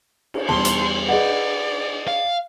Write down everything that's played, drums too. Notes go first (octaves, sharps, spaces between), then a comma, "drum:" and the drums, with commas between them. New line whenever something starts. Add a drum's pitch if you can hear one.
drum: cymbal
E2 G3 A5 C6 G7, drum: tom B2
drum: hi-hat
G#4 B4 D5 D#5 F#5
F5